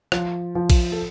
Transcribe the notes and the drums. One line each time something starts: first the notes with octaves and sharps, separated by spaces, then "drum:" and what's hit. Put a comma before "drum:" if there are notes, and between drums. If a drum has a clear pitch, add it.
F3, drum: rim click
F3
drum: kick A#1, cymbal
A4